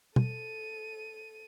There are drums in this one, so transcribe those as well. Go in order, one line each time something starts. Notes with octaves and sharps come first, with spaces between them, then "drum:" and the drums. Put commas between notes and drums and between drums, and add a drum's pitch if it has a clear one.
A4 D#7, drum: tom B2